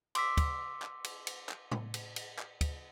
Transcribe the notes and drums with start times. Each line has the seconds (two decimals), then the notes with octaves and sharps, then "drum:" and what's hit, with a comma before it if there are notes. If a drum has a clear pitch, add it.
0.15 C6 D6 E6 B6, drum: cymbal
0.37 drum: kick, cymbal
0.82 drum: clap
1.04 drum: cymbal
1.27 drum: cymbal
1.49 drum: clap
1.71 drum: tom A2
1.94 drum: cymbal
2.16 drum: cymbal
2.39 drum: clap
2.61 drum: kick, cymbal